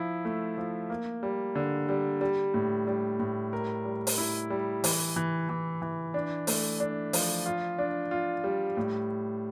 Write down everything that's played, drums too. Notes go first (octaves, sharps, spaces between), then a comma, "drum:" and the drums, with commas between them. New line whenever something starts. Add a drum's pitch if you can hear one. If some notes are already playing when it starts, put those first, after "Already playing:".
Already playing: F3 E4
A3
F3
A#3
G3
D3
G3
G3
A2
G3
A2
A#4
G3
drum: open hi-hat
E4
G3
E3, drum: open hi-hat
E3
E3
E3
D4
A3, drum: open hi-hat
D4
F3, drum: open hi-hat
F4
D4
F4
G3
A2